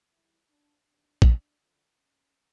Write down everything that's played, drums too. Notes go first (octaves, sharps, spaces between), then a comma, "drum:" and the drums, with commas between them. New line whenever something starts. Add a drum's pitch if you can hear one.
G#2 E3 G3 E4
D4
E2 C3 D#3 D4
drum: kick
F#2 D3 F3
C#4